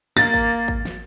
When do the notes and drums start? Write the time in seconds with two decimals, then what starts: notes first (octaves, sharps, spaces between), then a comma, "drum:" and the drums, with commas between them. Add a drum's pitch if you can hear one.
0.17 A#3 A6, drum: snare
0.34 drum: kick G#1
0.68 drum: kick G#1
0.85 drum: snare